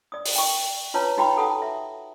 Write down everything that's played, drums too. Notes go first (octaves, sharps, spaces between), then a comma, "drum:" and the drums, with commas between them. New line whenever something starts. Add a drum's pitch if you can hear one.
D5 D#6
drum: open hi-hat
G5 C#6
F4 B4 C#5 A5 A#5
D#4 F#4 G4 G5 A#5 B5
A4 F#5 A5 D#6
E5